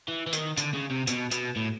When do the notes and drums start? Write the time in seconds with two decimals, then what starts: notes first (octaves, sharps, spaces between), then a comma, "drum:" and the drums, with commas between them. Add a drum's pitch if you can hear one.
0.08 E3
0.27 E3
0.33 D#3, drum: hi-hat
0.57 D3, drum: hi-hat
0.74 C#3
0.90 C3
1.07 B2, drum: hi-hat
1.31 B2, drum: hi-hat
1.56 A2